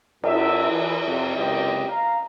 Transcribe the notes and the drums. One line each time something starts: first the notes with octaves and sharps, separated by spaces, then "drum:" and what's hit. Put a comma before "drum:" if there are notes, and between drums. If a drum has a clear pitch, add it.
F#2 E5, drum: cymbal
E3
F2 C3
F#1 C#2 C3 C4 G4 D#5
F5 A#5